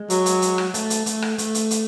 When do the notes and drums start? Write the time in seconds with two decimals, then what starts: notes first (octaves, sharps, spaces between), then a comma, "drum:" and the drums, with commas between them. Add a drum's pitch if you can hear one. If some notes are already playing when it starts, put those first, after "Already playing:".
Already playing: G#3
0.10 F#3, drum: hi-hat
0.26 drum: hi-hat
0.42 drum: hi-hat
0.58 drum: rim click
0.74 A3, drum: hi-hat
0.90 drum: hi-hat
1.06 A3, drum: hi-hat
1.22 drum: rim click
1.38 A3, drum: hi-hat
1.55 drum: hi-hat
1.71 drum: hi-hat